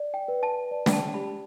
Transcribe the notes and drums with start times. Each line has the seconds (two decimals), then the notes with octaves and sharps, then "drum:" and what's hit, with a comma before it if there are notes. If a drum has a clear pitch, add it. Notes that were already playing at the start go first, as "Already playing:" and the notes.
Already playing: D5
0.14 G5
0.28 B4
0.43 A5
0.71 D5
0.86 G5, drum: snare
0.93 A5
1.14 G4 B5